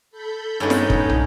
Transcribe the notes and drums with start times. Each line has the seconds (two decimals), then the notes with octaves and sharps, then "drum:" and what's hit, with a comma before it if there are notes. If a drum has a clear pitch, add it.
0.11 A4 B5 G6
0.60 G2 G#3 B3 C#4 D#4
0.70 drum: snare
0.90 drum: kick
1.09 drum: tom